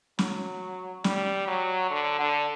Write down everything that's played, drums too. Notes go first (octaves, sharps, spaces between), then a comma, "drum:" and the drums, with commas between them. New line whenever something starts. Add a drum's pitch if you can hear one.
F#3, drum: snare
G3, drum: snare
F#3
D3
D3